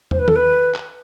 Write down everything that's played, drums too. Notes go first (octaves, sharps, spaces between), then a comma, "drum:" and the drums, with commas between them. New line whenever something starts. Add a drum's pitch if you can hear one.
C5, drum: tom
B4
A4, drum: tom
B4
drum: clap